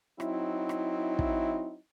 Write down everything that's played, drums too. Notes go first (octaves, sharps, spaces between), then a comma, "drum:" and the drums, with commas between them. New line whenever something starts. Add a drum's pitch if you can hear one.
F#3 C4 D#4 E4, drum: rim click
drum: rim click
drum: kick